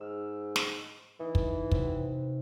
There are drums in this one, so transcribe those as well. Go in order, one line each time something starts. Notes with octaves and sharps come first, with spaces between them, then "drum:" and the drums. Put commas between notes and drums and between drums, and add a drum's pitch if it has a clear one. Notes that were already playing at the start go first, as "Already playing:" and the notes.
G#2 E6 F6
drum: snare
E3 D#4
drum: kick
C3 F#4, drum: kick